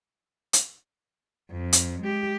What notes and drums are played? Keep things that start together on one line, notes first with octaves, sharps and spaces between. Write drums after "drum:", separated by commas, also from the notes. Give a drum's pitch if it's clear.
drum: hi-hat
F2
drum: hi-hat
G#3 G4